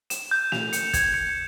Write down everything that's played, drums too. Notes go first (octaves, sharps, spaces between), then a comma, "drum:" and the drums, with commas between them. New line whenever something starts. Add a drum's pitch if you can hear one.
E7, drum: hi-hat
G6
F7, drum: snare
C#7, drum: hi-hat
G#6, drum: kick, hi-hat
C#7